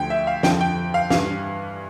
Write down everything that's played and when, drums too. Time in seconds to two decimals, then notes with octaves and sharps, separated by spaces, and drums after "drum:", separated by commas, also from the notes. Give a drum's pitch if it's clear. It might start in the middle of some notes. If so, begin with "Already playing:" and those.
Already playing: D2 D3 F3 G5
0.10 E5
0.27 F5
0.43 F2 D3 F3 G5, drum: snare
0.61 G5
0.94 F5
1.10 G2 E3 F5, drum: snare